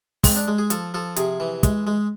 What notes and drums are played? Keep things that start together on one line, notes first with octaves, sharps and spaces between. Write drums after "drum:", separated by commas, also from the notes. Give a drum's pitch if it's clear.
G#3 C4, drum: kick, open hi-hat
D4
G#3
G#4
F3 A4, drum: hi-hat
F3 A4
C3 G#4, drum: hi-hat
E3
G#3, drum: kick, hi-hat
G#3